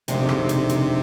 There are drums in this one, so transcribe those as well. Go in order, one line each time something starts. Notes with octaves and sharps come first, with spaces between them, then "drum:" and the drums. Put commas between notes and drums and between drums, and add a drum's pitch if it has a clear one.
F2 C3 D#3 G#3 D4 G4, drum: hi-hat
drum: rim click
drum: hi-hat
drum: hi-hat